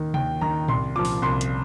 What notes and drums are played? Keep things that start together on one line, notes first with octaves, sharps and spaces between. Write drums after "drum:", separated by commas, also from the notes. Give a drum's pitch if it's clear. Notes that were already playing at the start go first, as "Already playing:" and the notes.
Already playing: D#2 D#3
D#2 G5, drum: tom C3
D#3 A#5
C2 C6, drum: tom A2
A#2 F3 D6
drum: open hi-hat
C2 C6
drum: hi-hat